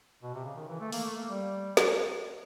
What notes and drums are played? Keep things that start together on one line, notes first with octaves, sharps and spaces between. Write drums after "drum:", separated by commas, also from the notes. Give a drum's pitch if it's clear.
B2
C3
C#3
D#3
E3
A3
A#3, drum: open hi-hat
A3
A#3
G3
drum: snare